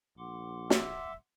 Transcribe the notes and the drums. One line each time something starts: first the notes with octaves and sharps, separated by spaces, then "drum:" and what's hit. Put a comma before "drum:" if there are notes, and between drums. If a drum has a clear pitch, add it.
A#1 F#5 C6 D6
E5, drum: snare